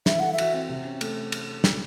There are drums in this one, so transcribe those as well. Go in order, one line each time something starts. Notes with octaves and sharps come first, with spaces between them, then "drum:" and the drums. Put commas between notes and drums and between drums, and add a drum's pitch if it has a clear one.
E3 E5, drum: snare
A4 F#5
E5
F#4, drum: cymbal
C4
C3
C#4
A3, drum: cymbal
drum: cymbal
drum: snare